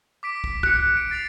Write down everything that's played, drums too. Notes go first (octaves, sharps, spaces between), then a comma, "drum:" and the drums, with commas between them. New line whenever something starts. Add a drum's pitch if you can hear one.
D6 B6 D7
drum: kick
F#6 C#7 D7, drum: kick
D7
A6 C7 F7